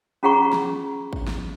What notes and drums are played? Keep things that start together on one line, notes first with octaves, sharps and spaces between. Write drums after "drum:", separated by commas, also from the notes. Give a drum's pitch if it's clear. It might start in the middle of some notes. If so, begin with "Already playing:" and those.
C#4 F4 G#4 F#5 A#5 C#6
drum: snare
drum: kick
drum: snare